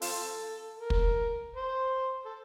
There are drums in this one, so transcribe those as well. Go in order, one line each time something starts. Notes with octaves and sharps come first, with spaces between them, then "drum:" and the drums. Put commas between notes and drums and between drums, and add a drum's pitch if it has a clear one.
C4 F4 A4, drum: open hi-hat
A#4
drum: kick
C5
A4